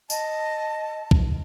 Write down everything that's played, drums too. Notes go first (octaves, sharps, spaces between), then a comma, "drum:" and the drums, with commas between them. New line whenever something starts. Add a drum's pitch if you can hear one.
D#5 A5, drum: tambourine
drum: kick